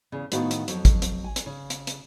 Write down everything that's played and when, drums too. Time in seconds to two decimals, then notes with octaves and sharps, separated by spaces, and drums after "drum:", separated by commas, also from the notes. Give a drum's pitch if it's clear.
0.12 E2 C#3
0.32 A2 D#3 B3 F#4 C5 F5, drum: hi-hat
0.51 drum: hi-hat
0.68 F2 F#3, drum: hi-hat
0.85 drum: kick, hi-hat
1.02 drum: hi-hat
1.24 G#5
1.36 drum: hi-hat
1.46 C#3
1.70 drum: hi-hat
1.87 drum: hi-hat